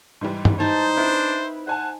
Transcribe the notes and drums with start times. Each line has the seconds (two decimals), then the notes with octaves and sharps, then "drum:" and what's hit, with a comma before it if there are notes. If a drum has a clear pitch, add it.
0.21 G#2 E3 G3
0.45 drum: tom G2
0.60 D#4 C5 A5
0.97 C4 D4 E4 B4
1.67 C5 F#5 G#5 A5